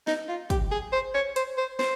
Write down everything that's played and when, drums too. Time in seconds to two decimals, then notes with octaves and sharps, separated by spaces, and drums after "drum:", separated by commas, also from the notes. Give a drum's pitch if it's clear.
0.07 D#4, drum: snare
0.29 F4
0.50 G4, drum: kick, hi-hat
0.71 G#4
0.93 C5
1.14 C#5
1.36 C5, drum: hi-hat
1.58 C5
1.79 C5, drum: snare